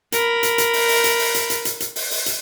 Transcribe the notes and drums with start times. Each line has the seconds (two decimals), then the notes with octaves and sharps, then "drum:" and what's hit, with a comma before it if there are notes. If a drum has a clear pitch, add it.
0.12 A#4 B5, drum: hi-hat
0.43 drum: hi-hat
0.58 drum: hi-hat
0.73 drum: open hi-hat
0.89 drum: open hi-hat
1.04 drum: hi-hat
1.19 drum: open hi-hat
1.35 drum: hi-hat
1.50 drum: hi-hat
1.65 drum: hi-hat
1.80 drum: hi-hat
1.96 drum: open hi-hat
2.11 drum: open hi-hat
2.26 drum: hi-hat